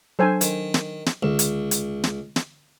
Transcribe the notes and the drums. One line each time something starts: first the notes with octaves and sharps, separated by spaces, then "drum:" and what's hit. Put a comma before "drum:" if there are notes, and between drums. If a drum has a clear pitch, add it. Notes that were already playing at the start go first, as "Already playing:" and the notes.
F#3 D4 A4 C5 G#5
D#3, drum: hi-hat
drum: snare
drum: snare
C#2 D3 E7
drum: hi-hat
drum: hi-hat
drum: snare
drum: snare